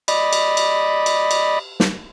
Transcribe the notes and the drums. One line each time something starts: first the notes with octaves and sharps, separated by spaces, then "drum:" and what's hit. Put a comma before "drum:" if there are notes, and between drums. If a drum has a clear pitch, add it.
D5 D#5 B5, drum: cymbal
drum: cymbal
drum: cymbal
drum: cymbal
drum: cymbal
drum: snare